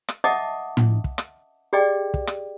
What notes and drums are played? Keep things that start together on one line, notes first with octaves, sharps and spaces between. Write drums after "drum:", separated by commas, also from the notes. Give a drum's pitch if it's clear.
drum: rim click
D#5 E5 F#5 A5 D6 D#6
drum: tom A2
drum: kick
drum: rim click
G4 G#4 D5 D#5 G5
drum: kick
drum: rim click